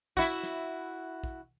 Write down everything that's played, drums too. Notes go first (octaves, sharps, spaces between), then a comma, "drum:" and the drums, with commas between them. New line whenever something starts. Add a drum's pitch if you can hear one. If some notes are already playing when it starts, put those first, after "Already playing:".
E4 F#4, drum: kick
drum: snare
drum: kick